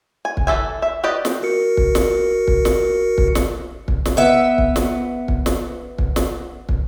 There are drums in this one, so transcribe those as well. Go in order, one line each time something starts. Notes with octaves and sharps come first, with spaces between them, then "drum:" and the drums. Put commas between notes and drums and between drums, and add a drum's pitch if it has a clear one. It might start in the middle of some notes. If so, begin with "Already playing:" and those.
G#5
drum: kick
E3 A4 E5 G#5
E5
G4 B4 D5 D#5
drum: snare
F#4 A#4 C#7
drum: kick
drum: snare
drum: kick
drum: snare
drum: kick
drum: snare
drum: kick
drum: snare
B3 E5
drum: kick
drum: snare
drum: kick
drum: snare
drum: kick
drum: snare
drum: kick